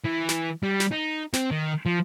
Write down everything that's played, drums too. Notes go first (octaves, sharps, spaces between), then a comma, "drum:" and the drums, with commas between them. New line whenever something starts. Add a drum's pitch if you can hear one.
E3
drum: snare
G3
drum: snare
D#4
C4, drum: snare
D#3
F3